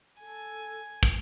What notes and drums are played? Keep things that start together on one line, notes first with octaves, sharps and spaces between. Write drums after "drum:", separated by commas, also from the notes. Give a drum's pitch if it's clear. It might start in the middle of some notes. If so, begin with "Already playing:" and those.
A4 G#5
drum: kick